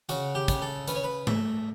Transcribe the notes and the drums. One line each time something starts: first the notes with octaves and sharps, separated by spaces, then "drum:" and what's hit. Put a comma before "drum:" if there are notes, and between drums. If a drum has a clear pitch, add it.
C#3 F#4, drum: hi-hat
G4
C#3, drum: kick, hi-hat
A4
C#4 B4, drum: hi-hat
C#5
B4
A3 E5, drum: tom G#2